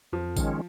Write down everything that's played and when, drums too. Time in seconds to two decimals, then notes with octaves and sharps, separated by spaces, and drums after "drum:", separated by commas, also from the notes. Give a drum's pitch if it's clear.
0.12 F2 F3
0.37 D#3 G#3 C#4, drum: kick A1, tambourine